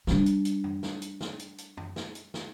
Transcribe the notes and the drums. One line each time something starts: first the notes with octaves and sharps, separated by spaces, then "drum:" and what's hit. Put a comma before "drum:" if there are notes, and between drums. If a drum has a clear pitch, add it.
G3 D4, drum: snare
drum: hi-hat
drum: hi-hat
drum: tom
drum: snare
drum: hi-hat
drum: snare
drum: hi-hat
drum: hi-hat
drum: tom
drum: snare
drum: hi-hat
drum: snare